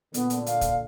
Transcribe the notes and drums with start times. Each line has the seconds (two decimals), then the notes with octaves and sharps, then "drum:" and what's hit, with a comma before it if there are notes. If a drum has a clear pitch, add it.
0.14 A#2 D3 B3, drum: hi-hat
0.30 drum: hi-hat
0.46 F5, drum: hi-hat
0.61 drum: kick, hi-hat